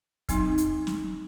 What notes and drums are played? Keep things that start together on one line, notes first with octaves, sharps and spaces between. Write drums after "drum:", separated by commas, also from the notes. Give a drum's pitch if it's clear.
F#3 C4 D#4, drum: kick, hi-hat
drum: hi-hat
drum: snare